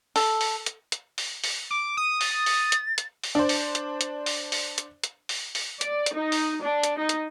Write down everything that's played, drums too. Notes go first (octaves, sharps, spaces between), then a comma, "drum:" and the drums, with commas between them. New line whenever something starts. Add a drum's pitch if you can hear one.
A4, drum: open hi-hat
drum: open hi-hat
drum: hi-hat
drum: hi-hat
drum: open hi-hat
drum: open hi-hat
D6
D#6
A6, drum: open hi-hat
drum: open hi-hat
drum: hi-hat
drum: hi-hat
drum: open hi-hat
D4 C5
drum: open hi-hat
drum: hi-hat
drum: hi-hat
drum: open hi-hat
drum: open hi-hat
drum: hi-hat
drum: hi-hat
drum: open hi-hat
drum: open hi-hat
D5, drum: hi-hat
drum: hi-hat
D#4
drum: open hi-hat
D4
drum: hi-hat
D#4
drum: hi-hat